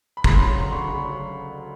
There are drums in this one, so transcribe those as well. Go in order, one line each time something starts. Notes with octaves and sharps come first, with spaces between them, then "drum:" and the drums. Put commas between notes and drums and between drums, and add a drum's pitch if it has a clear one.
B5
C#3 A#5 C6, drum: kick
F#3
D2 C6
D2 B5 C#6
C#3
F#3